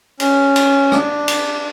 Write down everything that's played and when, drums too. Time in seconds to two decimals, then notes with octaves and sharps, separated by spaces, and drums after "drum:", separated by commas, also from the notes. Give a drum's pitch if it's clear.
0.20 C#4, drum: cymbal
0.56 drum: cymbal
0.92 D4, drum: rim click
1.28 drum: cymbal